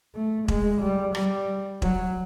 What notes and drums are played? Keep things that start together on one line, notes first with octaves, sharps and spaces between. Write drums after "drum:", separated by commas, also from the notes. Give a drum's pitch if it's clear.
A3
G#3, drum: kick E1
G3
G3, drum: rim click
F#3, drum: kick E1